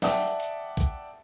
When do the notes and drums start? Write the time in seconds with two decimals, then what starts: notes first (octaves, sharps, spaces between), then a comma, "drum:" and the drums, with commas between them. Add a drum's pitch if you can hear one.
0.02 D5 E5 F#5 G5 A5 D#6, drum: snare
0.40 drum: hi-hat
0.77 drum: kick A#1, hi-hat